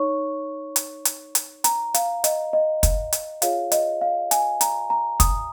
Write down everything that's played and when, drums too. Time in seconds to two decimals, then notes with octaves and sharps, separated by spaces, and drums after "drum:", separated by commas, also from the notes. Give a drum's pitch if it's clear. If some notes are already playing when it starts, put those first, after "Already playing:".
Already playing: D#4 C#5 C#6
0.76 drum: hi-hat
1.05 drum: hi-hat
1.35 drum: hi-hat
1.64 A#5, drum: hi-hat
1.94 F5, drum: hi-hat
2.24 D#5, drum: hi-hat
2.53 D#5
2.83 drum: kick, hi-hat
3.12 drum: hi-hat
3.42 F4 G#4 C#5 F5, drum: hi-hat
3.72 D#5, drum: hi-hat
4.01 F5
4.31 G#5, drum: hi-hat
4.61 A#5, drum: hi-hat
4.90 A#5
5.20 D#6, drum: kick, hi-hat